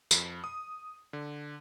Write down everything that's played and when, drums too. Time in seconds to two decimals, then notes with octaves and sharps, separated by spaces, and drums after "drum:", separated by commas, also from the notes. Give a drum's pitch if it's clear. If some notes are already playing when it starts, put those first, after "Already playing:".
0.11 F2, drum: tambourine
0.44 D#6
1.13 D3